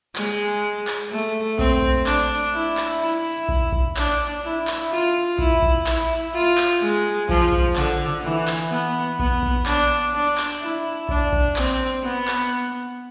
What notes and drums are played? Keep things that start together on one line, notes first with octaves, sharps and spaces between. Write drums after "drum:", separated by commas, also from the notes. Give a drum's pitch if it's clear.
G#3, drum: clap
drum: clap
A3
C4, drum: kick A#1
drum: kick A#1
D4, drum: clap
E4
drum: clap
E4
drum: kick A#1
drum: kick A#1
D4, drum: clap
E4
drum: clap
F4
E4, drum: kick A#1
drum: kick A#1
E4, drum: clap
F4
drum: clap
G#3
F3, drum: kick A#1
drum: kick A#1
D3, drum: clap
E3
drum: clap
B3
B3, drum: kick A#1
drum: kick A#1
D4, drum: clap
D4
drum: clap
E4
D4, drum: kick A#1
drum: kick A#1
C4, drum: clap
B3
drum: clap